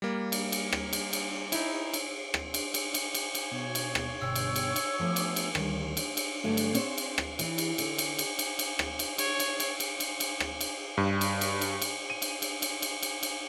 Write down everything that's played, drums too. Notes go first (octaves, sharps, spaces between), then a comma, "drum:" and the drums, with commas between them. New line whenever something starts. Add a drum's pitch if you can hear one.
G3 A#3
drum: cymbal
drum: cymbal
drum: rim click
drum: cymbal
drum: cymbal
D#4 E4, drum: cymbal
drum: cymbal
drum: rim click
drum: cymbal
drum: cymbal
drum: cymbal
drum: cymbal
drum: cymbal
B2 C#5
drum: cymbal
drum: rim click
G1 B2 G5 E6
drum: cymbal
drum: cymbal
drum: cymbal
F3 A3 B3 D6 D#6
drum: cymbal
drum: cymbal
D2 D#3 G3, drum: rim click
drum: cymbal
drum: cymbal
G2 D3 F#3 A3 D4
drum: cymbal
C4 D4 C#5, drum: cymbal
drum: cymbal
drum: rim click
E3, drum: cymbal
drum: cymbal
D3, drum: cymbal
drum: cymbal
drum: cymbal
drum: cymbal
drum: cymbal
drum: rim click
drum: cymbal
C#5, drum: cymbal
drum: cymbal
drum: cymbal
drum: cymbal
drum: cymbal
drum: cymbal
drum: rim click
drum: cymbal
G2
drum: cymbal
drum: cymbal
drum: cymbal
drum: cymbal
D#7
drum: cymbal
drum: cymbal
drum: cymbal
drum: cymbal
drum: cymbal
drum: cymbal